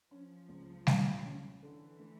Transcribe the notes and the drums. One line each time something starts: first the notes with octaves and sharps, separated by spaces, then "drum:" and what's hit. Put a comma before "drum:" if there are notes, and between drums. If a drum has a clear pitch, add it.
F3 C#4
C#2
C#2, drum: snare
C#4
D3 E3
A3